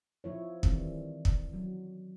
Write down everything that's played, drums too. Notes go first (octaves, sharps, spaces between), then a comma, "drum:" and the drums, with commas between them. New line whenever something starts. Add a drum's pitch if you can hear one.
F3 E4 C#5
D#3 E3 G3 C4, drum: kick
drum: kick
F#3